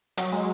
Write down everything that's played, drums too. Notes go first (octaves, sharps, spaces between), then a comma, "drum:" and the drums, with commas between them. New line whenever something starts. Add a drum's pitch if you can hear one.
F#3, drum: hi-hat
G#3